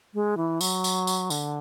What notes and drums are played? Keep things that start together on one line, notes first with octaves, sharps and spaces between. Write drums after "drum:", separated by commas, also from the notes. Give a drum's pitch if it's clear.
G#3
E3
F#3, drum: tambourine
drum: tambourine
drum: tambourine
D3, drum: tambourine